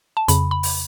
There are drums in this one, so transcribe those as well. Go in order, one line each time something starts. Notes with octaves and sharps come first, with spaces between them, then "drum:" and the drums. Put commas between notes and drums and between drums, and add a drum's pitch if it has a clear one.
A5
F2 C#3 B5, drum: hi-hat
B5
drum: open hi-hat